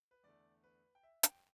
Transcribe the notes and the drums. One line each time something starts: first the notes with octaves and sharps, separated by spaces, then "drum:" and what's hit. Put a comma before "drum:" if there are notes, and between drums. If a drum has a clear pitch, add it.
B4
E2 D3 A3 D5
B4
G5
E5
G5, drum: hi-hat